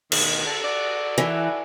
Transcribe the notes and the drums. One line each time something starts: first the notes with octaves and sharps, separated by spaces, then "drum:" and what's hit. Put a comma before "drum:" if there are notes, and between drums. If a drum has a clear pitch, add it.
D2 B2 D#3, drum: cymbal
D3 A4
F#4 A4 D5
E3